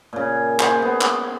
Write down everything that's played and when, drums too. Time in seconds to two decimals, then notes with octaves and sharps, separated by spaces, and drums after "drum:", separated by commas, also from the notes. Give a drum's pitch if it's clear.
0.13 A#2 C#3
0.60 C5 G#5 B5, drum: clap
0.82 B3
1.01 drum: clap